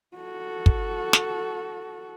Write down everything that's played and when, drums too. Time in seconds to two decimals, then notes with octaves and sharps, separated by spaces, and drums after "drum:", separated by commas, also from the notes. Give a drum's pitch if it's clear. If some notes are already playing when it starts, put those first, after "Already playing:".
0.17 F#4 A4
0.66 drum: kick
1.13 drum: snare